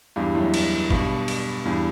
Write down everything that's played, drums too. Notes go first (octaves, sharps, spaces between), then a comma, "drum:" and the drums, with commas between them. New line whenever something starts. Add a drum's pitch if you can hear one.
E2 G2
F#2 A2
drum: cymbal
G2 B2, drum: kick G#1
drum: cymbal
E2 G2